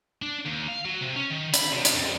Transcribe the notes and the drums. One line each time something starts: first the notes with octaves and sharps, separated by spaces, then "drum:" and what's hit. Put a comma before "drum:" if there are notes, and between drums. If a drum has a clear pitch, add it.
D4
D#2
F5
F#3
C3
C#4
D#3
B5, drum: hi-hat
C3
drum: hi-hat
F2